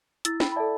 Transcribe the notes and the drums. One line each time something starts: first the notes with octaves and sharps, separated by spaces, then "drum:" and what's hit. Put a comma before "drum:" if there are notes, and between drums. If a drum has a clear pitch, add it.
E4 E6 A6, drum: hi-hat
G5 B5, drum: snare
B5
A4 D5 E5 A5